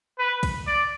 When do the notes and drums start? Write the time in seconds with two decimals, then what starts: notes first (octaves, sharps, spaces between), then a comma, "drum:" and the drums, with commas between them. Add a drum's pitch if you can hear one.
0.19 B4
0.43 drum: kick, cymbal
0.67 D5